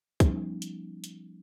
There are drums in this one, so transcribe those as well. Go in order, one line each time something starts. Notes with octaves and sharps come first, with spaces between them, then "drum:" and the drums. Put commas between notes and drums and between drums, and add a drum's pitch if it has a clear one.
F3 G3 B3 C#4 D#4, drum: kick, hi-hat
drum: hi-hat
drum: hi-hat